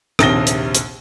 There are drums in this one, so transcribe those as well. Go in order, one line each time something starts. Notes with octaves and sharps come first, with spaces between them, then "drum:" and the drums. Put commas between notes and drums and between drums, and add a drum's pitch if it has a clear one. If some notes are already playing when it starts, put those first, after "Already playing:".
A#1 D#2 C3 D#6 A#6 G7, drum: rim click
drum: hi-hat
drum: hi-hat